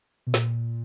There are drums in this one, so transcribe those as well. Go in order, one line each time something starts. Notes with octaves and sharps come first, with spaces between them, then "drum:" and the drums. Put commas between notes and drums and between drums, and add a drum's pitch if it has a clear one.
B2
A#2, drum: snare